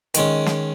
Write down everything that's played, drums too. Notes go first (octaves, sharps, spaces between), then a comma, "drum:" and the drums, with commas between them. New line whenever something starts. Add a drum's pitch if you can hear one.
D#3 G#3 C#4, drum: hi-hat
drum: snare